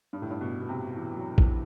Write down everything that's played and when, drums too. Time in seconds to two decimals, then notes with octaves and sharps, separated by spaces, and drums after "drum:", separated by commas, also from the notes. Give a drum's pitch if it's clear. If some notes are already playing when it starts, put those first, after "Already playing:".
0.13 G2
0.22 A2
0.30 G2
0.41 B2
0.61 B2
0.69 C3
0.96 E3
1.16 F#3
1.38 E3, drum: kick